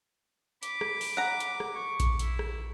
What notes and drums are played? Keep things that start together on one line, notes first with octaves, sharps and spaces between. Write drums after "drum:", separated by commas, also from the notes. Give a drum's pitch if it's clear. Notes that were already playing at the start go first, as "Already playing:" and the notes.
B5 D6, drum: hi-hat
drum: rim click
drum: open hi-hat
F#5 A#5
drum: hi-hat
drum: rim click
C#6
drum: kick A#1, hi-hat
E4, drum: hi-hat
drum: rim click